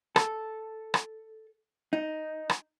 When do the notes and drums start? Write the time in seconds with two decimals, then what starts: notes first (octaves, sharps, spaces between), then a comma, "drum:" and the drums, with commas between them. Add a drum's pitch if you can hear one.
0.16 A4, drum: rim click
0.94 drum: rim click
1.93 D#4
2.49 drum: rim click